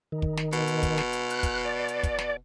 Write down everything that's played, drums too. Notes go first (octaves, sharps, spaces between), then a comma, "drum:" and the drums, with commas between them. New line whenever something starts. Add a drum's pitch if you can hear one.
D#3
drum: kick
drum: snare
B2, drum: hi-hat
drum: hi-hat
drum: kick, hi-hat
drum: snare
drum: hi-hat
F#6, drum: hi-hat
drum: kick, hi-hat
D5
drum: hi-hat
drum: kick, hi-hat
drum: snare